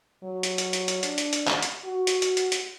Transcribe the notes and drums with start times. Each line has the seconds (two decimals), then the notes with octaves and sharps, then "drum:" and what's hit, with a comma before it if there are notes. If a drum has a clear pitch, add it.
0.23 F#3
0.43 drum: hi-hat
0.58 drum: hi-hat
0.73 drum: hi-hat
0.88 drum: hi-hat
1.03 D4, drum: hi-hat
1.18 drum: hi-hat
1.33 drum: hi-hat
1.48 drum: clap
1.62 drum: hi-hat
1.85 F#4
2.07 drum: hi-hat
2.22 drum: hi-hat
2.37 drum: hi-hat
2.52 drum: hi-hat